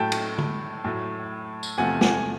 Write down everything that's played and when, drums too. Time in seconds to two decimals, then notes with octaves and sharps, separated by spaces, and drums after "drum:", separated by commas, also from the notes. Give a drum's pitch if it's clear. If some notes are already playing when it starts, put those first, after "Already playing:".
Already playing: A2 F#3 A3 G5 A5
0.12 drum: cymbal
0.38 drum: tom D3
0.84 A2 F#3 A3
1.63 drum: tambourine
1.77 E2 C3 F3 A3 F#5 G#5
2.01 F#5 G#5, drum: snare